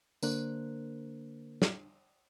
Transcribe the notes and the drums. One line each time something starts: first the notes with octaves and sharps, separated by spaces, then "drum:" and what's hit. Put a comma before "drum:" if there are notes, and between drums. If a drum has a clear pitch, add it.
D3 A#3 D4 A#4 C5 F#6, drum: tambourine
drum: snare